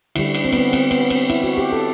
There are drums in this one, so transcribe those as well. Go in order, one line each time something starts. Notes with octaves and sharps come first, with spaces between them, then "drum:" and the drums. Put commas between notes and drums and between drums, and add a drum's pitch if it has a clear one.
D3 G3 E4, drum: cymbal
drum: cymbal
C4
B3, drum: cymbal
C4
C4, drum: cymbal
B3, drum: cymbal
C4, drum: cymbal
E4, drum: cymbal
F#4
G4
A4